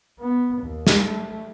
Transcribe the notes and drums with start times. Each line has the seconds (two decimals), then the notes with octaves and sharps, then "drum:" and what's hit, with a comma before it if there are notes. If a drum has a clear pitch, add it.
0.20 B3
0.62 D#2
0.87 drum: snare
1.03 A3